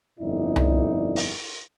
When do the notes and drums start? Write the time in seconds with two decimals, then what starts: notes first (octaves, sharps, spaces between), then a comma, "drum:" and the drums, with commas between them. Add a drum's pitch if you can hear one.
0.19 G1 F2 A#2 D#4 E4 D5
0.56 drum: tom C2
1.16 drum: open hi-hat